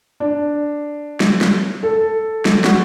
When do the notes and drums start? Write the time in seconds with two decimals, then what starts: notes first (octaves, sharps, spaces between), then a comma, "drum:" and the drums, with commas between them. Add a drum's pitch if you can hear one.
0.20 D4
1.20 drum: snare
1.41 drum: snare
1.83 A4
2.45 drum: snare
2.64 F#4, drum: snare